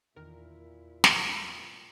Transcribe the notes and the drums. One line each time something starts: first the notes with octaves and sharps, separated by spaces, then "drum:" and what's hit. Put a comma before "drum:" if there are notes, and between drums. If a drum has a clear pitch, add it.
E2 A#2 D#3 E4 A#4
drum: snare